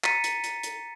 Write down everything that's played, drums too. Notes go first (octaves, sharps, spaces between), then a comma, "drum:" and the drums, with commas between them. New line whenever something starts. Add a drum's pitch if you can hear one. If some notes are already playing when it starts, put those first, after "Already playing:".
A#5 A6 B6 C#7 D#7, drum: clap
drum: hi-hat
drum: hi-hat
drum: hi-hat